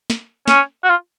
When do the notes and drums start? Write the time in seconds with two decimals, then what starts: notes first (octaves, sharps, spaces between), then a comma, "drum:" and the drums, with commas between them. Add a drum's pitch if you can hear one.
0.10 drum: snare
0.48 C#4, drum: snare
0.84 F#4
0.89 F4